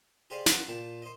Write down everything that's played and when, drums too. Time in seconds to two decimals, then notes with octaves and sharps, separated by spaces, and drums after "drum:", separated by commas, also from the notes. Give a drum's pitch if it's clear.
0.30 G4 G#4 C5 D5 D#5 F5
0.46 E3 C#4 F4 F#4 A#4, drum: snare
0.68 A#2 F4 G5 A5
1.02 C5 D#5